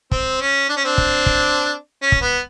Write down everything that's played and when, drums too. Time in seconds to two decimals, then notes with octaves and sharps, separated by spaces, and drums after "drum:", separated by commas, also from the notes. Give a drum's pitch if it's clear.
0.11 C4, drum: kick
0.41 C#4
0.69 D4
0.77 C#4
0.85 C4 D4
0.98 drum: kick
1.26 drum: kick
2.03 C#4
2.12 drum: kick
2.22 B3